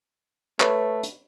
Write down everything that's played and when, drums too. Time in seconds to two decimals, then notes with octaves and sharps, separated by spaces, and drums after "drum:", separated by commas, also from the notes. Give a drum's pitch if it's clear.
0.60 A3 B4 C#5, drum: clap
1.03 drum: hi-hat